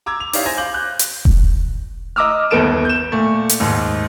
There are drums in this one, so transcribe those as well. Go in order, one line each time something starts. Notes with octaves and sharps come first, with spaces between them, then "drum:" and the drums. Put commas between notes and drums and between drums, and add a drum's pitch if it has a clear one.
A#5 D6 E6 G#6
F7
D#4 E4 G4 C#5 D5 F5, drum: open hi-hat
C5 G#5 G#6 A#6
F5 D6 G6 F#7
F#6 G6
drum: hi-hat
drum: kick E1
D#5 A#5 D6 E6 F6
G1 D#2 B3 A4 D7 E7
G6 E7
A#2 A3
drum: hi-hat
D#2 G#2